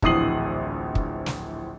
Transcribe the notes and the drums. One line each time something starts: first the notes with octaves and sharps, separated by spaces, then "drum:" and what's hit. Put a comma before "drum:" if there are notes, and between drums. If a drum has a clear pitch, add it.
D1 A#1 E3 D#6 C7 F#7, drum: kick
drum: kick
drum: snare